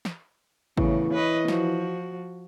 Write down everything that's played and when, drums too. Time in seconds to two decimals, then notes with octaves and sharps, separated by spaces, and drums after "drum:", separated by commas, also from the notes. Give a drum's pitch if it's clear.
0.05 drum: snare
0.77 E2 A2 C#3 E3, drum: kick G#1
1.14 B4 C#5 D#5
1.48 F3 F#4, drum: snare